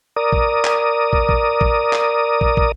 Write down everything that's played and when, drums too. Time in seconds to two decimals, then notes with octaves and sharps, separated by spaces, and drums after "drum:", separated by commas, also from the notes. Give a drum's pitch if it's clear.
0.16 A#4 D5 D#6
0.33 drum: kick
0.65 drum: clap
1.13 drum: kick
1.29 drum: kick
1.61 drum: kick
1.93 drum: clap
2.41 drum: kick
2.57 drum: kick